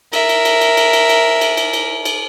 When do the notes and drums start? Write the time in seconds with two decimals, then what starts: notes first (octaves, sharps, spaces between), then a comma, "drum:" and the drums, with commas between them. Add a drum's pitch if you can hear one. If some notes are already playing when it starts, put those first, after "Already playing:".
0.13 A#4 E5, drum: cymbal
0.29 drum: cymbal
0.45 drum: cymbal
0.61 drum: cymbal
0.77 drum: cymbal
0.93 drum: cymbal
1.09 drum: cymbal
1.41 drum: cymbal
1.57 drum: cymbal
1.73 drum: cymbal
2.05 drum: cymbal